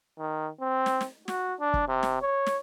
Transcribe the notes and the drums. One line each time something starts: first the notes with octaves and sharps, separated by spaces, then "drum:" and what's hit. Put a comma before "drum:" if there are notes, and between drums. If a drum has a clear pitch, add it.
D#3
C4
drum: snare
drum: snare
F#4, drum: snare
D4
drum: kick
C3
drum: snare
C#5
drum: snare